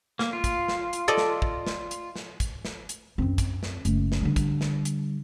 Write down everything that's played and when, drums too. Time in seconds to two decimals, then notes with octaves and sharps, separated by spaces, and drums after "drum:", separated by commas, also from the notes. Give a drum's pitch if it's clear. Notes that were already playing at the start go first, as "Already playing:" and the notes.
0.19 A#3, drum: snare
0.33 F4
0.44 drum: kick, hi-hat
0.68 drum: snare
0.93 drum: hi-hat
1.08 A4 D5 D#5
1.17 drum: snare
1.42 drum: kick
1.67 drum: snare
1.91 drum: hi-hat
2.16 drum: snare
2.40 drum: kick, hi-hat
2.65 drum: snare
2.89 drum: hi-hat
3.18 F#2 C4
3.38 drum: kick, hi-hat
3.63 drum: snare
3.85 F#1 A3, drum: hi-hat
4.12 drum: snare
4.21 D3 G3
4.36 drum: kick, hi-hat
4.61 drum: snare
4.85 drum: hi-hat